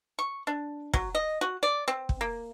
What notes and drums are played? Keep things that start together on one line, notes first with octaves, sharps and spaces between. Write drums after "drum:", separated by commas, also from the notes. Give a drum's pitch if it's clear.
C#6
D4
F#3, drum: kick
D#5
F#4
D5
C4
drum: kick
A#3